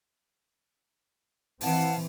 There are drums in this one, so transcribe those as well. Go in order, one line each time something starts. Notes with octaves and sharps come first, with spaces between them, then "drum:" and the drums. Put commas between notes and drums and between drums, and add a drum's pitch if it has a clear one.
E3 C4 F5 F#5 A5, drum: open hi-hat